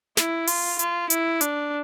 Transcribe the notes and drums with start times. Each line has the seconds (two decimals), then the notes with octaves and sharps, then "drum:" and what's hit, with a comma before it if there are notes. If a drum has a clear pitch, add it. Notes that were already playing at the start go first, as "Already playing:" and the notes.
0.17 E4, drum: snare
0.47 F4, drum: open hi-hat
0.79 F4, drum: hi-hat
1.10 E4, drum: hi-hat
1.41 D4, drum: hi-hat